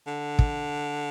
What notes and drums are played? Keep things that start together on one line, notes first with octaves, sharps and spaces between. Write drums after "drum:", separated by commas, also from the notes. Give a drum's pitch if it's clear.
D3
drum: kick